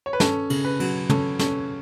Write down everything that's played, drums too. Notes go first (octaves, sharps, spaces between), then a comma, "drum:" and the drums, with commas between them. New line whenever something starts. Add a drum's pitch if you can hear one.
C#5
B4
C#4 A4, drum: snare
C#3, drum: cymbal
B4
F#3, drum: cymbal
C#4 A4, drum: tom
C#4 A4, drum: snare